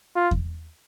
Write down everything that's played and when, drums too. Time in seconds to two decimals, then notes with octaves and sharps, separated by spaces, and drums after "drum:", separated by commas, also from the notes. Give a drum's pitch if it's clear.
0.16 F4
0.31 drum: kick E2